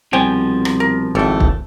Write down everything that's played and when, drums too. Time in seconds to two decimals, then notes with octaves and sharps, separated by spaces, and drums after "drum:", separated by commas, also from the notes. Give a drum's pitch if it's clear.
0.13 C2 B2 F3 C5 G5 G#5
0.65 drum: rim click
0.80 A#4
1.15 G#1 E3 A3 A4 G5
1.40 drum: kick